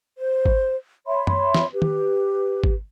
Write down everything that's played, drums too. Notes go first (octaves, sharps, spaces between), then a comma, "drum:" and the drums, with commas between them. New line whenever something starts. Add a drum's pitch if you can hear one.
C5
drum: kick G#1
C#5 E5 B5 C6
drum: tom F#2
drum: snare
G4 B4
drum: tom
drum: kick G#1